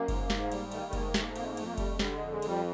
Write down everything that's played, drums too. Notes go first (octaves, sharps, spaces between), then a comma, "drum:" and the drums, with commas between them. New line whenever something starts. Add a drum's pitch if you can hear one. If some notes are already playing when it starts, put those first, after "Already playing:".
Already playing: F#2 A#3
G#2, drum: kick F#1, cymbal
G#2, drum: snare
G3, drum: cymbal
D#3 A3, drum: cymbal
A#3
A3
G#2 A#3, drum: kick F#1, cymbal
A3
A#3
G#2 A3, drum: snare
A#3
A3
F2 A#3, drum: cymbal
A3
A#3
F2 A3, drum: cymbal
A#3
A3
G3, drum: kick F#1, cymbal
D3 G3, drum: snare
F2 G#3
G#3
F2 G3, drum: cymbal